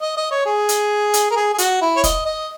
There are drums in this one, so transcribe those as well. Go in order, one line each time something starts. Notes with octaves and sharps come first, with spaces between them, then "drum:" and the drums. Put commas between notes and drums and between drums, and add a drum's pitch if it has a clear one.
D#5
D#5
C#5
G#4
drum: hi-hat
drum: hi-hat
A#4
G#4
G#4
F#4, drum: hi-hat
E4
C#5
D#5, drum: kick, hi-hat
D#5